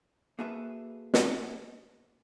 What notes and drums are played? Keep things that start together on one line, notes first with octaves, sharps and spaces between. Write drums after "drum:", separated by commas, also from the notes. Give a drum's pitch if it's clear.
A#3 F#4 G#4 A4 B4 E5
drum: snare